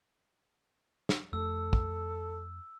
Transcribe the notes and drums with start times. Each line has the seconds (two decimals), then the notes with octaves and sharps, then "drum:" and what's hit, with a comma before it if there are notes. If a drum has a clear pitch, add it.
1.09 drum: snare
1.33 F2 A3 A4 E6
1.73 drum: kick